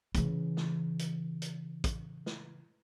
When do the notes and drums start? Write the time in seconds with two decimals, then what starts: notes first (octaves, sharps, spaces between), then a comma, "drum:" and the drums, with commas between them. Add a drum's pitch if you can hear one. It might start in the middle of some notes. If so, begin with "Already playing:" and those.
0.15 C#3 E3, drum: kick, hi-hat
0.57 drum: snare
0.99 drum: hi-hat
1.42 drum: hi-hat
1.84 drum: kick, hi-hat
2.26 drum: snare